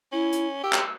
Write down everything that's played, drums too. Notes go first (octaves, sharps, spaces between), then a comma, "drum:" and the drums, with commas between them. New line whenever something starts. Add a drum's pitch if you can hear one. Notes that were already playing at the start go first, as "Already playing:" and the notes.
C#4 E4
drum: hi-hat
G4 E6
drum: clap